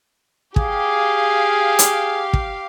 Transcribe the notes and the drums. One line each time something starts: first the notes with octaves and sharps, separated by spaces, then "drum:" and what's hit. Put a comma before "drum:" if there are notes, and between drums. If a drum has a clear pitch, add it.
G4 G#4 F5, drum: kick
drum: hi-hat
drum: kick